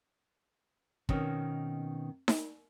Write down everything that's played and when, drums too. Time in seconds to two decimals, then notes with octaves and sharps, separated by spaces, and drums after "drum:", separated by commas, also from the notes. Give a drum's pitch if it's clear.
1.09 B2 D#3 C4 C#4 D#4, drum: kick
2.28 drum: snare D#4